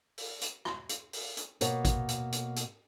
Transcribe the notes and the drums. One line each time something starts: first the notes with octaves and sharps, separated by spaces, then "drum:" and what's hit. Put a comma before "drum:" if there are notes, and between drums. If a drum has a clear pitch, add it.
drum: open hi-hat
drum: hi-hat
drum: rim click
drum: hi-hat
drum: open hi-hat
drum: hi-hat
B2 A#3 C#5, drum: hi-hat
drum: kick, hi-hat
drum: hi-hat
drum: hi-hat
drum: hi-hat